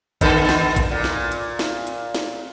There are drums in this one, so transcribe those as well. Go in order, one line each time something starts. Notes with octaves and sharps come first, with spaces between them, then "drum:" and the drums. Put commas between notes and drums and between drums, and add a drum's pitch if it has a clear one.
D3 B3 A4, drum: kick, hi-hat
drum: snare
drum: kick, hi-hat
A#2
drum: snare
drum: hi-hat
drum: snare
drum: hi-hat
drum: snare